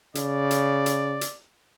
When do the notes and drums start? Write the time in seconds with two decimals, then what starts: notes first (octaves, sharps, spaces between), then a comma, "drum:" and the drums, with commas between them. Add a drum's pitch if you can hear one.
0.15 C#3 D5, drum: hi-hat
0.51 drum: hi-hat
0.86 drum: hi-hat
1.21 drum: hi-hat